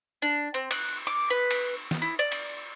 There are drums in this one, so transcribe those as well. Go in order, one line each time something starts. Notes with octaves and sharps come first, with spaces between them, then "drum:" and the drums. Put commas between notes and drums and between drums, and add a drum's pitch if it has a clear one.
D4
C4
F#6, drum: cymbal
D6
B4
drum: cymbal
drum: snare
E4
D5
drum: cymbal